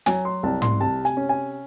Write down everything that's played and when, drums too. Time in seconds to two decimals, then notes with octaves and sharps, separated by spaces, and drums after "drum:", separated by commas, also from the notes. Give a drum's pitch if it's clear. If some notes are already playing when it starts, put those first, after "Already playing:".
0.06 F#3 G#5, drum: snare
0.25 C6
0.43 C2 A5
0.62 C6, drum: tom
0.80 C3 A5
1.05 G#5, drum: hi-hat
1.17 C#4
1.29 G#5